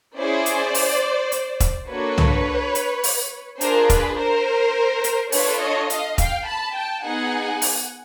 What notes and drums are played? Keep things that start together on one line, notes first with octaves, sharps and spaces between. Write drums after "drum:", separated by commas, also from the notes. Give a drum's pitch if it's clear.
C#4 E4 G#4 C5 D5
drum: hi-hat
drum: open hi-hat
drum: hi-hat
drum: kick E1, hi-hat
A#3 D4 F#4 A4 B4 C#5
drum: tom
drum: hi-hat
drum: open hi-hat
D4 F4 G#4 A#4 C5, drum: hi-hat
B4, drum: kick E1, hi-hat
A#4 C5
drum: hi-hat
D4 F4 A4 B4 C#5, drum: open hi-hat
C#5 D#5
D#5 F5, drum: hi-hat
F5 G5, drum: kick E1, hi-hat
A5 B5
G5 A5
B3 D#4 G#4 F#5 G#5
drum: open hi-hat